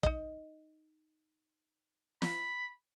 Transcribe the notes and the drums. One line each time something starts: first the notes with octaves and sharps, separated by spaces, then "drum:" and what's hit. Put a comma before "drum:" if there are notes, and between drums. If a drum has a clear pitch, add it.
D#4 D#5, drum: kick
B5, drum: snare